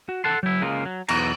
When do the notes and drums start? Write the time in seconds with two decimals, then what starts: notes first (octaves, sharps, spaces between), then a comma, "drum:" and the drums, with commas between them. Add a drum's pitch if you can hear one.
0.09 F#4
0.24 A4 F#5 A5 C6
0.43 F#3 E4
0.62 C#3 G#3 A#3 F4
0.85 F#3
1.08 B1 E2 B3 A#5, drum: cymbal